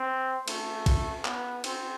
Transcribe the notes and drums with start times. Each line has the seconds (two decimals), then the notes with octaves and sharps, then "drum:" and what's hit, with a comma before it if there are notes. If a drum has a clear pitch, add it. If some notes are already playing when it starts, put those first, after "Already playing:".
Already playing: C4
0.48 A3, drum: cymbal
0.86 drum: kick, cymbal
1.25 B3, drum: clap
1.64 C4, drum: cymbal